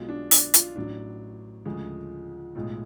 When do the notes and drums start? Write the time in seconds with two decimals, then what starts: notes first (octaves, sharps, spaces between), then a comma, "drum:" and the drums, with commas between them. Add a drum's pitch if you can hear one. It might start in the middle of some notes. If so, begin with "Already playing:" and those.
Already playing: B1 B2 G#3 F4
0.09 D4
0.31 D4, drum: open hi-hat
0.54 F4, drum: hi-hat
0.76 A1 A2 F#3 D4
1.65 D2 C#3 F3 G#3
2.55 B1 A2 G#3 F4